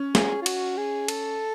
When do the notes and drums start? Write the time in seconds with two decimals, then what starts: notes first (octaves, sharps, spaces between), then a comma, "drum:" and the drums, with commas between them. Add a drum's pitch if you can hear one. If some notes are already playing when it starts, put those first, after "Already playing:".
Already playing: C#4
0.15 G#4, drum: snare
0.42 F4
0.46 F#4, drum: cymbal
0.77 G#4
1.08 A4, drum: cymbal